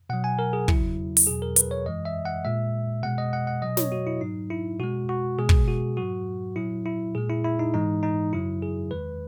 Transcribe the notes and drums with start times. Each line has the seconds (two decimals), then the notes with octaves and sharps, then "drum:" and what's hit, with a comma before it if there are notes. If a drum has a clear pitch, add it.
0.10 B2 F#3 F#5
0.24 G#5
0.39 A#4
0.53 G#4
0.68 E2 C#3 F#3 E4, drum: kick
1.17 drum: open hi-hat
1.27 E2 B2 F#3 G#4
1.42 A#4
1.56 B4, drum: hi-hat
1.71 C#5
1.86 F#2 E3 G#3 D#5
2.05 E5
2.25 F#5
2.45 A#2 G#3 E5
3.03 B2 G#3 F#5
3.18 D#5
3.33 F#5
3.47 F#5
3.62 B2 F#3 D#5
3.77 C#5, drum: snare
3.92 F#4
4.07 E4
4.21 G#2 F#3 D#4
4.50 E4
4.80 B2 G#3 F#4
5.09 F#4
5.39 B2 G#3 G#4
5.49 drum: kick
5.68 F#4
5.97 G#2 F#3 F#4
6.56 A#2 F#3 E4
6.85 E4
7.15 A#2 G#3 G#4
7.29 E4
7.44 E4
7.59 D#4
7.74 G#2 E3 G#3 D#4
8.03 D#4
8.33 F#2 C#3 F#3 E4
8.62 G#4
8.91 E2 D#3 G#3 B4